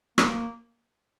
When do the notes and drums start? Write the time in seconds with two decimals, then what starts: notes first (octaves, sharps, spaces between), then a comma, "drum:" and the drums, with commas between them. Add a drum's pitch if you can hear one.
0.18 A#3, drum: rim click